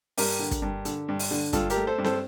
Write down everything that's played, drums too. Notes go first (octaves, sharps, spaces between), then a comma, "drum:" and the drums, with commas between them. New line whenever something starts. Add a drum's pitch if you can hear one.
G2 G4 A#4, drum: open hi-hat
D3
drum: kick, hi-hat
G2
D3, drum: hi-hat
G2
drum: open hi-hat
D3
G2 F4 A4, drum: kick, hi-hat
G4 A#4, drum: hi-hat
A3
A4 C5
G2
A4 C5, drum: snare C4